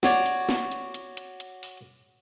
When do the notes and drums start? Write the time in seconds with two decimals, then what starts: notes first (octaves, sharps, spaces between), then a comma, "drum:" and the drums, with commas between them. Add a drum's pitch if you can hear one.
0.03 F#4 C#5 D5, drum: snare
0.26 drum: hi-hat
0.49 drum: snare
0.72 drum: hi-hat
0.94 drum: hi-hat
1.17 drum: hi-hat
1.40 drum: hi-hat
1.63 drum: open hi-hat